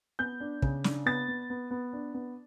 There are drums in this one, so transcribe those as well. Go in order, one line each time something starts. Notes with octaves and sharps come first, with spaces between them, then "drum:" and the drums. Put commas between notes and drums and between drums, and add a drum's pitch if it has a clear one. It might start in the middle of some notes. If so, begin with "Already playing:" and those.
B3 G6
D4
C#3, drum: kick
D4, drum: snare
B3 A6
B3
B3
B3
D4
B3